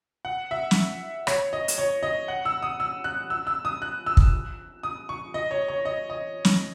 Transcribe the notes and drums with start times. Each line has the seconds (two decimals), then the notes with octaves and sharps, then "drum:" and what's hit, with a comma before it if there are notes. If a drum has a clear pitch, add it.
0.25 F#5
0.51 E5
0.71 drum: snare
1.27 C#5, drum: rim click
1.53 D#5
1.68 drum: hi-hat
1.78 C#5
2.03 D#5
2.28 F#5
2.45 E6
2.62 D#6
2.80 E6
3.04 F#6
3.30 E6
3.47 E6
3.65 D#6
3.82 F#6
4.06 E6
4.17 drum: kick
4.83 D#6
5.09 C#6
5.34 D#5
5.51 C#5
5.68 C#5
5.85 D#5
6.10 D#5
6.45 drum: snare